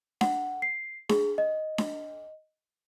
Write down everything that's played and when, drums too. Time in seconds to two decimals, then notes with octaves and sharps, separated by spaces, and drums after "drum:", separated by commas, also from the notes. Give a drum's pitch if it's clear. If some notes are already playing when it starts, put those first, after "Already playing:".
0.21 F#5, drum: snare D4
0.62 C7
1.09 G#4, drum: snare D4
1.38 D#5
1.78 drum: snare D4